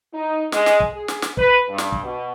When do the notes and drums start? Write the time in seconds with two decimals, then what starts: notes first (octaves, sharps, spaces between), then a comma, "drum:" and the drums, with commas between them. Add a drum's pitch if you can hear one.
0.12 D#4
0.52 G#3, drum: snare
0.66 drum: snare
0.80 drum: kick
0.92 G#4
1.08 drum: snare
1.22 drum: snare
1.37 B4, drum: kick
1.69 G2
1.78 drum: snare
1.92 drum: kick
2.04 B2